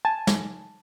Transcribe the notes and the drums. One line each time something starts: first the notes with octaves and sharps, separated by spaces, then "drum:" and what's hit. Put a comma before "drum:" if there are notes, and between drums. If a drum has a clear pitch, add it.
G#5 A5
drum: snare